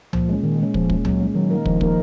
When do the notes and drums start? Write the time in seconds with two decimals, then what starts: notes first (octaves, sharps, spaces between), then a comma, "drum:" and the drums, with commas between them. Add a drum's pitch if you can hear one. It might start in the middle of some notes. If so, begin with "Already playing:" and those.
0.13 A#2 F3, drum: tom C#2
0.29 G#3 C#4
0.43 A#2 D#3
0.60 G#3 C#4
0.74 A#2 F3, drum: kick
0.90 G#3 C#4, drum: kick
1.05 A#2 F#3, drum: tom C#2
1.20 G#3 C#4
1.35 D#3 F#3
1.50 A#3 D#4 A#4
1.66 D#3 F3, drum: kick
1.81 A#3 D#4 A#4, drum: kick